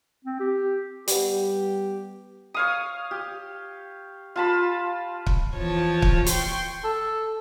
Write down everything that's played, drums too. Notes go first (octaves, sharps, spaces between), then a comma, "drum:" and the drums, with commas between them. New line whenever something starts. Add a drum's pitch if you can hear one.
C4
G4
G3 B3 G4, drum: hi-hat
C#5 F5 D#6
G4
F4 A5 B5
drum: kick
E2 F3 C#5 A5
drum: kick
G5 C6 C#6, drum: hi-hat
A4